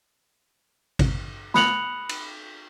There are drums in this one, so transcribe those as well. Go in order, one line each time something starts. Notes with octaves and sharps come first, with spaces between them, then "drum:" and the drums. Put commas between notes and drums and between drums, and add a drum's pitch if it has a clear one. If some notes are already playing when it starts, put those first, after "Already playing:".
drum: kick G#1, cymbal
B5 D#6 F#6 C#7 F7 F#7, drum: snare
drum: cymbal